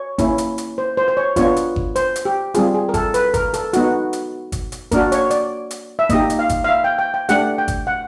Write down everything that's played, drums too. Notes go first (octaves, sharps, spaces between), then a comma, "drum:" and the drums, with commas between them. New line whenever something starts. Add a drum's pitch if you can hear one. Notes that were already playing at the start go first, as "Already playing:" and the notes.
Already playing: C#5
A#3 C#4 E4, drum: kick G1, hi-hat
drum: hi-hat
drum: hi-hat
C5
C5
C5
C#5
B3 D4 F4 C#5, drum: kick G1, hi-hat
drum: hi-hat
drum: kick G1
C5, drum: hi-hat
drum: hi-hat
G4
G3 C4 F4 G#4, drum: hi-hat
G#4
A#4
A4, drum: kick G1, hi-hat
B4, drum: hi-hat
A#4, drum: kick G1, hi-hat
A4, drum: hi-hat
B3 D#4 F#4, drum: hi-hat
drum: hi-hat
drum: kick G1, hi-hat
drum: hi-hat
A#3 D4 F#4 A#4, drum: kick G1, hi-hat
C#5, drum: hi-hat
D5, drum: hi-hat
drum: hi-hat
E5
A#3 D#4 G4 D#5, drum: kick G1, hi-hat
drum: hi-hat
F5
drum: kick G1, hi-hat
F5
E5
G5
G5
G5
A3 D4 G4 F#5, drum: hi-hat
G5
drum: kick G1, hi-hat
F#5